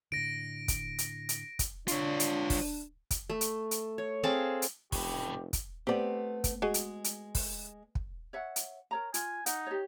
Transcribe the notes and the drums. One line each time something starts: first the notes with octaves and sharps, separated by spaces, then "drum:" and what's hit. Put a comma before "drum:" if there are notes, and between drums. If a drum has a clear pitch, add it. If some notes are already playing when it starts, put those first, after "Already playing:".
A2 D3 A#6 D7
drum: kick, hi-hat
drum: hi-hat
drum: hi-hat
drum: kick, hi-hat
D4 F4 C#5, drum: hi-hat
drum: hi-hat
drum: kick, open hi-hat
drum: kick, hi-hat
A3
drum: hi-hat
drum: hi-hat
C#5
C4 G#4 A4 F5
drum: hi-hat
F1 A2 C#3 G4, drum: kick, open hi-hat
drum: kick, hi-hat
A3 B3 C4 G4 D5
drum: kick, hi-hat
G#3 F#4 G#4 D#5
drum: hi-hat
drum: hi-hat
drum: kick, open hi-hat
drum: kick
C#5 E5 F#5
drum: hi-hat
A#4 C#5 A#5
F4 G#5, drum: hi-hat
D#4 F#5, drum: hi-hat
G4 C#5